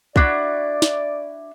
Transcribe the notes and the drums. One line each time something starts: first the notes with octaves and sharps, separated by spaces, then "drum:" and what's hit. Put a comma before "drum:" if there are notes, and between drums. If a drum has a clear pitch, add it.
D4 E4 F#4 D5, drum: kick B1
drum: snare